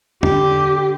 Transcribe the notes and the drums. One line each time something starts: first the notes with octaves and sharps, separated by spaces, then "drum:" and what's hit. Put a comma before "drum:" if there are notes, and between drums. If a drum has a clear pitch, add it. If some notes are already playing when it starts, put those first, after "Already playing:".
D3 G4, drum: tom